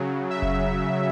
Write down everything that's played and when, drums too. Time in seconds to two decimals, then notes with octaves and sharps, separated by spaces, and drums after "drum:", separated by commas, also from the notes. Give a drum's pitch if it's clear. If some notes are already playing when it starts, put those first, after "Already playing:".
Already playing: C#3 F#3
0.30 E5
0.42 drum: kick F1